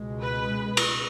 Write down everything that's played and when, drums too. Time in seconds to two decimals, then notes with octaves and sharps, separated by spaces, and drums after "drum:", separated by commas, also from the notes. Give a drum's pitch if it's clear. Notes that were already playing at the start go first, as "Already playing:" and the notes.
Already playing: C#2 B2 G#3
0.22 B4
0.77 drum: cymbal